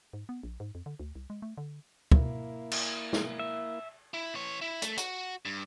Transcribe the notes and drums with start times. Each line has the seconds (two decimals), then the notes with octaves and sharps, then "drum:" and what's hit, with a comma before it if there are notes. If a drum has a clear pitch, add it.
0.13 G#2
0.29 B3
0.43 A#1
0.60 G#2
0.75 F2
0.86 D3
1.00 D2
1.15 C2
1.30 G#3
1.42 A3
1.58 D3
2.12 A#3 E4, drum: kick
2.72 drum: cymbal
3.13 drum: snare
3.39 E5
4.14 E4
4.35 E3 C#5
4.62 E4
4.82 A3, drum: hi-hat
4.97 F#4, drum: hi-hat
5.45 G2